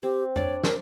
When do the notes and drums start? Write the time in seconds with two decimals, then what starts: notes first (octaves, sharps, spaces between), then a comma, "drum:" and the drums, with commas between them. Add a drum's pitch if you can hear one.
0.03 C4 G4
0.36 D4 C#5 D5, drum: tom F2
0.64 A#4, drum: snare